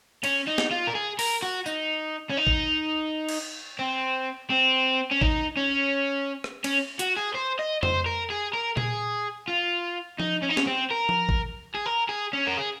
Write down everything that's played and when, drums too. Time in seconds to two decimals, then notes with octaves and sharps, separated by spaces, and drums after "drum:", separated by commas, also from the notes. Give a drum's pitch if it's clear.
0.24 C#4, drum: cymbal
0.47 D#4
0.58 drum: snare
0.71 F4
0.87 A#4
0.95 G#4
1.19 A#4, drum: open hi-hat
1.43 F#4
1.66 D#4, drum: tambourine
2.30 C#4
2.37 D#4
2.47 drum: kick A1
3.29 drum: cymbal
3.79 C4
4.50 C4
5.12 C#4
5.22 D#4, drum: kick A1
5.57 C#4
6.44 drum: rim click
6.64 C#4, drum: cymbal
6.99 F#4, drum: hi-hat
7.17 G#4
7.34 C5
7.59 D#5
7.83 C5, drum: tom F2
8.06 A#4
8.30 G#4
8.53 A#4
8.77 G#4, drum: tom A#2
9.48 F4
10.20 D#4, drum: tom F3
10.43 C#4
10.50 D#4
10.57 C#4, drum: snare
10.67 C4
10.91 A#4
11.09 drum: tom F3
11.29 drum: kick A1
11.74 G#4
11.86 A#4
12.09 G#4
12.33 C#4
12.47 A#4
12.57 G#4